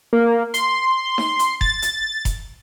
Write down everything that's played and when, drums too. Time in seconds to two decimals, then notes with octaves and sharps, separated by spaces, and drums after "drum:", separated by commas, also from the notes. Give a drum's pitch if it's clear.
0.13 A#3
0.54 C6, drum: hi-hat
1.18 drum: snare D#4
1.39 drum: hi-hat
1.61 A6, drum: kick F1
1.82 drum: hi-hat
2.25 drum: kick F1, hi-hat